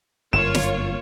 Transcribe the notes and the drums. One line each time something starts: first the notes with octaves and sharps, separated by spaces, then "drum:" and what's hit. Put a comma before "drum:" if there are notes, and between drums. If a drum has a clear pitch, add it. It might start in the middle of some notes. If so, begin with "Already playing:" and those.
G1 F#2 A#3 F4 C#5 E7
drum: snare